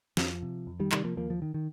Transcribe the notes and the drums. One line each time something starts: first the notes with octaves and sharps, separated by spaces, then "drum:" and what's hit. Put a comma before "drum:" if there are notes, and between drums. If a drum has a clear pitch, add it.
F2 F3, drum: snare
C3
F2
D#3 G3
C3 D#3 G3, drum: clap
F3 A#3
D#2 F3 A#3
F3
D#3
D#3